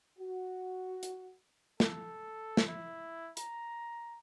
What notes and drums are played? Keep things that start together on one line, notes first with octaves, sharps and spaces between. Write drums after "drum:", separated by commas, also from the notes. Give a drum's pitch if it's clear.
F#4
drum: hi-hat
A4, drum: snare
drum: snare
E4
A#5, drum: hi-hat